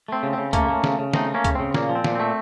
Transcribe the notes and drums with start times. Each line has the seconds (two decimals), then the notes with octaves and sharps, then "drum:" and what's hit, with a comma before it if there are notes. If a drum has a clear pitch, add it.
0.08 A3 C4
0.23 C#3
0.33 C#3 C4
0.53 A3 A#3 C#4, drum: kick, hi-hat
0.69 A3
0.84 C#3, drum: snare
0.99 C#3
1.14 A3 C4 D#4, drum: snare
1.29 A3
1.34 A#3 C#4
1.44 C#3, drum: kick, hi-hat
1.55 C#3 C4
1.74 A#2 A#3, drum: snare
1.89 F3
1.95 C4
2.04 A#2, drum: snare
2.15 A3 C4